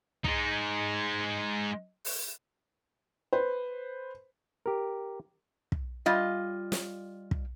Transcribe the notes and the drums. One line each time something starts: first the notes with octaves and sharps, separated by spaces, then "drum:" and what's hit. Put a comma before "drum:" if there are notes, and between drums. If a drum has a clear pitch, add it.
G#3 D#4, drum: kick
drum: open hi-hat
B4 C5
G4 A#4
drum: kick
G3 F4 D#5
drum: snare
drum: kick